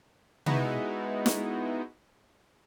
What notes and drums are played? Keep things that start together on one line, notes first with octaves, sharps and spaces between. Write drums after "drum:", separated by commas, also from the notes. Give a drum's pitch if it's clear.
G#3 B3 D#4 E4 F#4, drum: tom C3
drum: snare